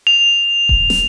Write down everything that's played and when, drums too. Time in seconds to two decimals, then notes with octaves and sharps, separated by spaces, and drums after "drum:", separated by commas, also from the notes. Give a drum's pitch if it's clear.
0.07 F7
0.69 drum: kick D#1
0.90 drum: snare